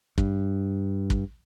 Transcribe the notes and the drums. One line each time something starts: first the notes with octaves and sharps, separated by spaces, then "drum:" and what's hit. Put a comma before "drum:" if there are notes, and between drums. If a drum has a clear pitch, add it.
G2, drum: kick
drum: kick